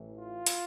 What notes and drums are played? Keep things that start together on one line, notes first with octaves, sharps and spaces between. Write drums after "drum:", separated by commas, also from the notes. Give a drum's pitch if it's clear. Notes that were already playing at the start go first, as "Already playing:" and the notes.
Already playing: A1 A2 E3
F4
drum: hi-hat